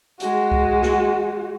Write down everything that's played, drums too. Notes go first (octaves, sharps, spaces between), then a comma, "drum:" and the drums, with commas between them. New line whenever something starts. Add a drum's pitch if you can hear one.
G#3 F#4, drum: hi-hat
drum: kick C2
drum: snare